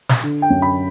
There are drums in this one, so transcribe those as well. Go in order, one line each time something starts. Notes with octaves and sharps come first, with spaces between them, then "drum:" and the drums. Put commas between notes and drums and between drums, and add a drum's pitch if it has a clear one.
drum: snare
D3
G5
F#2
B5